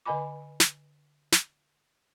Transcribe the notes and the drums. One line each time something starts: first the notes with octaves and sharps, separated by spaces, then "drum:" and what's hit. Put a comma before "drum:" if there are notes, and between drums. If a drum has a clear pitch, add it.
D3 B4 D#5 G#5 B5 D6
drum: snare
drum: snare